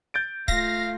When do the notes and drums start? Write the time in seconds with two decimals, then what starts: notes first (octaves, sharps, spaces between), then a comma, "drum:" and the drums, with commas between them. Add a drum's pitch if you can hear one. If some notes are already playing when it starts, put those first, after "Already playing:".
0.14 G6 A6 D7
0.48 A3 F4 F5 A#6, drum: kick C#1